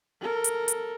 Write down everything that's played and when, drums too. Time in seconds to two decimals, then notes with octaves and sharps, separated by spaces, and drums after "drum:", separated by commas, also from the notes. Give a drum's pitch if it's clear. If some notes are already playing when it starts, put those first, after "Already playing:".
0.21 A4 A#4
0.44 drum: hi-hat
0.68 drum: hi-hat